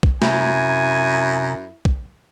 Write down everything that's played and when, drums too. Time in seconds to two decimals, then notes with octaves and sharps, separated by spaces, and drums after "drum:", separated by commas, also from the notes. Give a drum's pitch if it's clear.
0.03 drum: kick
0.22 F#2 C3 E4 G#5 A#5, drum: snare
1.85 drum: kick